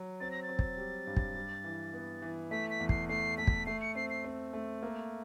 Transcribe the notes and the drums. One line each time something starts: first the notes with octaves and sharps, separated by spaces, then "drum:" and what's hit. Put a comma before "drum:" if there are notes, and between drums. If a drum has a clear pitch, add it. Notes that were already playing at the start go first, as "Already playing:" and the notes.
Already playing: F#3
C4 A6
A#6
A6
C4
drum: kick
G3
G2
drum: kick
G3
E3
B3
E3
A3 B6
B6
E2
C7, drum: kick
A3 C7
A3 B6
drum: kick
A3 C7
C#7
C4 C7
C7
C4
A3
A#3